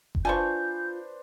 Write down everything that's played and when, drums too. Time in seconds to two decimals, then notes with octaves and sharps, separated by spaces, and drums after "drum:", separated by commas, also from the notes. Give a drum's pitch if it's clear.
0.15 drum: kick F#1
0.25 D4 F4 B4 C5 G#5 A5 C#6 G6